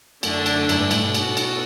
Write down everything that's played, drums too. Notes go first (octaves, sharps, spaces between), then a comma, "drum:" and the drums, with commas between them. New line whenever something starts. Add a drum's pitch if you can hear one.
F#2 D3 A3 D4, drum: cymbal
drum: cymbal
F#2, drum: cymbal
G2
A2, drum: cymbal
B2
B3 F#4 A4, drum: cymbal
drum: cymbal